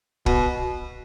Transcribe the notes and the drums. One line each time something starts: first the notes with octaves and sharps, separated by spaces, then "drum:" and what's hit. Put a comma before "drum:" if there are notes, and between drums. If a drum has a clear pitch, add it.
B2, drum: kick